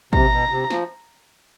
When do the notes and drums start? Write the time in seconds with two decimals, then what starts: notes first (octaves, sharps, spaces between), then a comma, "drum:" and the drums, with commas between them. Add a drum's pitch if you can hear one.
0.13 C3 A#5, drum: kick
0.31 B2
0.51 C3
0.70 F3, drum: snare